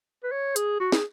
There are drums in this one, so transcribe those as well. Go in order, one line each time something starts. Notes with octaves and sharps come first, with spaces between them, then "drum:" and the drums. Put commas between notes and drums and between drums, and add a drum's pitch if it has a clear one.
B4
C#5
G#4, drum: hi-hat
F#4
G#4, drum: snare